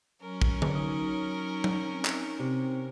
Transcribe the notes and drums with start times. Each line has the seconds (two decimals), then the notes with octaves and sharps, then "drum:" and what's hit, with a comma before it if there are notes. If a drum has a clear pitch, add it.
0.21 F#3 C#4 A#4
0.42 drum: kick
0.62 drum: tom D3
0.75 D#4
1.64 drum: tom F#3
1.89 C4
2.05 drum: clap
2.39 C3 C4